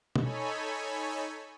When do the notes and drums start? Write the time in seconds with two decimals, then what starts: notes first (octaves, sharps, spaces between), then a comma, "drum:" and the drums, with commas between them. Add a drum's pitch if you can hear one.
0.16 D#4 A4 C#5 G#5 B5, drum: tom